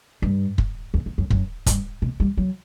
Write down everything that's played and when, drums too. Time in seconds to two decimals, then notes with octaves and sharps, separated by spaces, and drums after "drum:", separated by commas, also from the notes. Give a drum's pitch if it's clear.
0.22 G2
0.58 drum: kick
0.94 E2
1.06 E2
1.18 F#2
1.30 F#2, drum: kick
1.66 G2, drum: kick, hi-hat
2.02 B2
2.20 G3
2.37 F#3